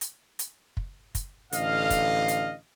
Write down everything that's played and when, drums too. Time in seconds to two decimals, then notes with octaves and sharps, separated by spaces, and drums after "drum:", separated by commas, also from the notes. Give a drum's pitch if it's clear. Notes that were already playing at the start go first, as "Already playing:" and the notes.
0.01 drum: hi-hat
0.39 drum: hi-hat
0.77 drum: kick
1.15 drum: kick, hi-hat
1.52 A1 D3 D#5 F5, drum: hi-hat
1.90 drum: kick, hi-hat
2.28 drum: hi-hat